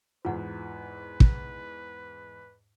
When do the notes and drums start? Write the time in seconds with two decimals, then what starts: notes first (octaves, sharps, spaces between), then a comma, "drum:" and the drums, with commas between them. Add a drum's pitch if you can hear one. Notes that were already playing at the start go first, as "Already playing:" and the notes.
0.25 E2 G#2 E3 F4 B4 F#5
1.20 drum: kick